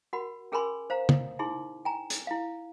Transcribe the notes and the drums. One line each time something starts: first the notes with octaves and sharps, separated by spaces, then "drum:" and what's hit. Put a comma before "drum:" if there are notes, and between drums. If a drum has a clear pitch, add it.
F#4 A#4 F#5 B5
C#4 G#4 A#4 G#5 B5 C6
C5 F5 A#5
drum: tom C#3
D#4 E4 G#4 C6
G5 G#5 A#5
drum: hi-hat
E4 F5